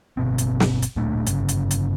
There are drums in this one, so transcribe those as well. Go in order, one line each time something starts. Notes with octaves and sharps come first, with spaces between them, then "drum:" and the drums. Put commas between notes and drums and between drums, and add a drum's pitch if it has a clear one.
G1 B2 C4
drum: hi-hat
drum: snare
drum: hi-hat
D1 A#2 A3 D4
G1 C#3, drum: hi-hat
drum: hi-hat
drum: hi-hat